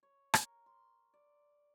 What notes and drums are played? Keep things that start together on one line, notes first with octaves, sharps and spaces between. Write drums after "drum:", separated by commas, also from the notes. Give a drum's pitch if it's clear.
C#5
A#4, drum: rim click
C6
D5